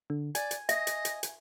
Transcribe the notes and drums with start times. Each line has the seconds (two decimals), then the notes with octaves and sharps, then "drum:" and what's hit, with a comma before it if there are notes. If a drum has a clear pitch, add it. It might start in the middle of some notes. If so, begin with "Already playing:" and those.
0.10 D3
0.35 D5 G#5, drum: hi-hat
0.51 drum: hi-hat
0.69 D#5 E5 A#6, drum: hi-hat
0.87 drum: hi-hat
1.05 drum: hi-hat
1.23 drum: hi-hat